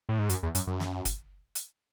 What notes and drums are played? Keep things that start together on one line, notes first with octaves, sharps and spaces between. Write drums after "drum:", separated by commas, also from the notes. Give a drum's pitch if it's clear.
A2
G#2
F#2, drum: hi-hat
E2
F#2, drum: hi-hat
F#2
drum: snare
drum: kick, hi-hat
drum: hi-hat